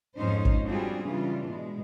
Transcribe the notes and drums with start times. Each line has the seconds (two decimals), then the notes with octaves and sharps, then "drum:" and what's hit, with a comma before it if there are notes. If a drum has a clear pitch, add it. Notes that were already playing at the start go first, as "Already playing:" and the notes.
0.18 F2 G#2 C#4 D#4 C5
0.45 drum: kick
0.68 G3 C4 D4 F4 F#4 G#4
1.03 C#3 E3 G3 D4 F4
1.48 B2 G#3